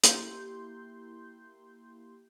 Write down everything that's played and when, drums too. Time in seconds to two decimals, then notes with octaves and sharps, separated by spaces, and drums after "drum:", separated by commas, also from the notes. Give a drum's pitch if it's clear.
0.04 A#3 E4 G4 C6 G6, drum: hi-hat